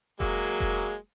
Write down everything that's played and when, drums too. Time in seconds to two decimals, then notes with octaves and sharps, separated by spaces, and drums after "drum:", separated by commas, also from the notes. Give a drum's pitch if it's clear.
0.20 F#3 G#3 A#3, drum: kick F1
0.60 drum: kick F1